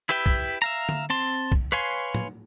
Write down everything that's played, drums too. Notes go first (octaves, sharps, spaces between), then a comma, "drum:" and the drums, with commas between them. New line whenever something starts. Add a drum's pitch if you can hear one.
E4 G4 B4 E5 G5
drum: kick
E5 F5 A#5
drum: tom D3
C4 A5 C6
drum: kick
B4 C#5 F5 G#5 C6
drum: tom